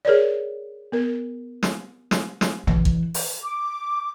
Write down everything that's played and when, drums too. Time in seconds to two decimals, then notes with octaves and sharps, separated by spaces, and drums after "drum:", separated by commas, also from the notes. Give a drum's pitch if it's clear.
0.05 G#4 A#4 C#5 D5
0.92 B3 A#4
1.63 drum: snare
2.11 drum: snare
2.41 drum: snare
2.67 E3, drum: tom A1
2.85 drum: kick
3.14 drum: open hi-hat
3.43 D6